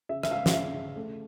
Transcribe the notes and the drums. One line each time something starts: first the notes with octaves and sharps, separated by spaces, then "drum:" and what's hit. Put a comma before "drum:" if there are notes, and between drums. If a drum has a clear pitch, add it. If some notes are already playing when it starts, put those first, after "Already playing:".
C#3 E5
E5, drum: rim click
C#3 F5
F5, drum: snare
C#3 E5
C#3
A3